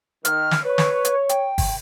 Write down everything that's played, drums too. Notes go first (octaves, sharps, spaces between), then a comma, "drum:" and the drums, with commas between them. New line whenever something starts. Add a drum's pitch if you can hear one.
D#3 F6, drum: hi-hat
drum: snare
B4 C#5
drum: snare
drum: hi-hat
G5, drum: hi-hat
drum: kick, open hi-hat